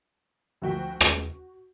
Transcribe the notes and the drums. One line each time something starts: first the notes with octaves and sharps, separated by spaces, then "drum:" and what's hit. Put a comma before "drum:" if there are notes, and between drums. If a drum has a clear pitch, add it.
D2 F3 F#4 G5 B6
F#4, drum: rim click